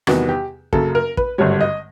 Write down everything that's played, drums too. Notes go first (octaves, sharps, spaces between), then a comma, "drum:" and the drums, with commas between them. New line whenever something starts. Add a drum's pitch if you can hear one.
E2 C3 D#3 G3 B3 F#4, drum: rim click
G4
F#2 C#3 F#3 A#3 A4, drum: kick
A#4
B4, drum: kick
G#1 G2 D3 G3 C#5
D#5